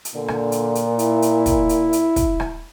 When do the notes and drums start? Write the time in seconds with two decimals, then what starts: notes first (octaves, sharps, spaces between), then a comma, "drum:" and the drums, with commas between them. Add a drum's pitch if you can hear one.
0.05 drum: hi-hat
0.15 A#2 D3
0.28 drum: rim click
0.52 drum: hi-hat
0.75 drum: hi-hat
0.99 E4, drum: hi-hat
1.22 drum: hi-hat
1.46 drum: kick, hi-hat
1.69 drum: hi-hat
1.93 drum: hi-hat
2.16 drum: kick, hi-hat
2.40 drum: rim click